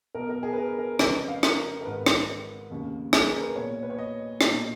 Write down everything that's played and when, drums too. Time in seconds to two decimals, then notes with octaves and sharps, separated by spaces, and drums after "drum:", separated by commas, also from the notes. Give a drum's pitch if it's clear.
0.14 B1 B2 A#4
0.29 A#4
0.43 G#4
0.53 B4
0.57 A#4
0.78 A#4
0.99 F1 F2 C#3 B4, drum: rim click
1.14 D#5
1.28 F5
1.43 A#4, drum: rim click
1.81 A#4
1.85 G#1 G#2 D#3 B4
2.06 drum: rim click
2.70 F1 D#2 C#3
3.13 G#4, drum: rim click
3.27 A#4
3.41 B4
3.55 B1 A#2 C#5
3.83 B4
3.90 C#5
3.98 D#5
4.41 B1 A#2 D#5, drum: rim click